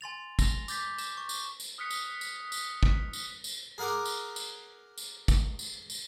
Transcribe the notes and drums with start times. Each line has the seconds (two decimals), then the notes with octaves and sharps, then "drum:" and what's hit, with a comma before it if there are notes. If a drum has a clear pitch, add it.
0.01 G#5 C6 A6 F7
0.39 A#6 F7, drum: kick, tambourine
0.68 D6 G6 A6 B6, drum: tambourine
0.98 E7, drum: tambourine
1.17 C#6
1.29 drum: tambourine
1.60 drum: tambourine
1.78 D#6 F6 F#6 B6 C#7
1.90 drum: tambourine
2.21 drum: tambourine
2.52 drum: tambourine
2.83 drum: kick
3.13 drum: tambourine
3.44 drum: tambourine
3.78 G#4 A#4 F#5 G#5 D6
4.05 drum: tambourine
4.36 drum: tambourine
4.98 drum: tambourine
5.28 drum: kick, tambourine
5.59 drum: tambourine
5.90 drum: tambourine